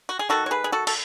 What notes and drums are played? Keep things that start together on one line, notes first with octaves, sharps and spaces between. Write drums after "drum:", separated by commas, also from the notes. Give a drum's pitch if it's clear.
F#4
G#4
D#3 F#3 A3 F#4 A4
C#5
G#4 B4
G#4
F#4 A4
A4, drum: cymbal